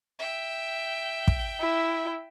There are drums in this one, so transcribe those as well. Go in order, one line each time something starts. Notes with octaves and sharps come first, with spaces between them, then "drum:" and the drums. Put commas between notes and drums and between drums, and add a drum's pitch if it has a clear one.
E5 G5
drum: kick
E4